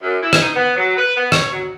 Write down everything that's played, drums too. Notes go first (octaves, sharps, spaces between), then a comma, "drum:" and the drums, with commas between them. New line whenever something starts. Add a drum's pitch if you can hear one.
F#2
E4
drum: rim click
D#4
B3
F#3
B4
B3
C#5, drum: rim click
F#3